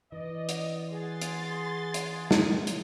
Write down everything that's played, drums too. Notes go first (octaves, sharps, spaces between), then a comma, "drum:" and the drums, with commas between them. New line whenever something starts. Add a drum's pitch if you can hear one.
E3 D5 D#5
drum: hi-hat
G#4 F#5 G#5 C6 A6
drum: hi-hat
drum: hi-hat
drum: snare
drum: hi-hat